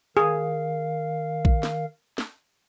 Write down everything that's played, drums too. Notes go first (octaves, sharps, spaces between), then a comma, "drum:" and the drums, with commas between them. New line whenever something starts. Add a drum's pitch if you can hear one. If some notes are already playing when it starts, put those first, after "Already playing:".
D#3 G#4 A#4 F5
drum: kick A#1
drum: snare
drum: snare